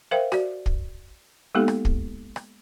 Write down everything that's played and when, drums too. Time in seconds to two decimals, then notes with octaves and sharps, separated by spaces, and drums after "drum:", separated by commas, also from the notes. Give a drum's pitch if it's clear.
0.11 A#4 C5 E5 F5 G5
0.32 F#4 D5, drum: rim click
0.66 drum: kick
1.55 G#3 A#3 B3 D#4 G4 A4
1.68 drum: rim click
1.85 drum: kick
2.36 drum: rim click